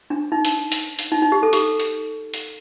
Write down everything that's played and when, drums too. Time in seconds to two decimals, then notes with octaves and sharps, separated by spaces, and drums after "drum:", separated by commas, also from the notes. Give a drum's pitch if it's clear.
0.10 D4
0.32 D#4
0.45 drum: hi-hat
0.72 drum: hi-hat
0.99 drum: hi-hat
1.12 D#4
1.22 D#4
1.32 G4
1.43 A4
1.53 G4, drum: hi-hat
1.80 drum: hi-hat
2.34 drum: hi-hat